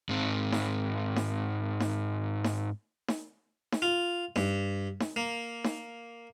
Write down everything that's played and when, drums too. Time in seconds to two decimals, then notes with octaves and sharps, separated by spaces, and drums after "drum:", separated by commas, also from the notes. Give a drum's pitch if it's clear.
0.09 G#2 C4
0.52 drum: snare D#4
1.16 drum: snare D#4
1.80 drum: snare D#4
2.44 drum: snare D#4
3.08 drum: snare D#4
3.72 drum: snare D#4
3.82 F4
4.36 G2, drum: snare D#4
5.00 drum: snare D#4
5.16 A#3
5.64 drum: snare D#4